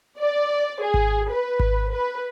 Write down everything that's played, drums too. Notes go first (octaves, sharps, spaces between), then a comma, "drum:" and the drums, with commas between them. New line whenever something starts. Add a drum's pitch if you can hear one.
D5
G#4
drum: kick G#1
B4
drum: kick G#1
B4